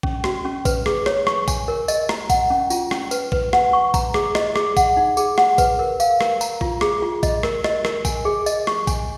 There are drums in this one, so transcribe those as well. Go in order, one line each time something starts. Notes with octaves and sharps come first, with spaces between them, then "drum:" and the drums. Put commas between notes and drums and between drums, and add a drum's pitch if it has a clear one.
C#4, drum: kick
F#4, drum: rim click
C#4
B4, drum: kick, tambourine
G#4, drum: rim click
C#5, drum: rim click
C#6, drum: rim click
G#5, drum: kick, tambourine
A#4
D#5, drum: tambourine
A#5, drum: rim click
F#5, drum: kick, tambourine
C#4
F4, drum: tambourine
C#4, drum: rim click
B4, drum: tambourine
B4, drum: kick
F#5, drum: rim click
C#6
A#5, drum: kick, tambourine
G#4, drum: rim click
D#5, drum: rim click
G#4, drum: rim click
F#5, drum: kick, tambourine
D#4
G#4, drum: tambourine
F#5, drum: rim click
B4, drum: kick, tambourine
A#4
F5, drum: tambourine
A#4, drum: rim click
A#5, drum: tambourine
F4, drum: kick
G#4, drum: rim click
F4
D#5, drum: kick, tambourine
A#4, drum: rim click
D#5, drum: rim click
A#4, drum: rim click
G#5, drum: kick, tambourine
G#4
D#5, drum: tambourine
C#6, drum: rim click
G#5, drum: kick, tambourine